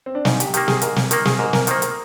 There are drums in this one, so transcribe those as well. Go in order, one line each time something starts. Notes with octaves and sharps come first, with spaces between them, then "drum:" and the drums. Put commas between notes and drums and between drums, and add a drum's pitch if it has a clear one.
C4
D4
G#2 D#4, drum: snare
G4, drum: hi-hat
D#3 A#3 G4, drum: hi-hat
G#4, drum: snare
G#2 A#4, drum: hi-hat
drum: snare
D#3 A#3 A#4, drum: hi-hat
G#4, drum: snare
G#2 A#4
A#4, drum: snare
D#3 A#3 C5, drum: hi-hat
A#4, drum: hi-hat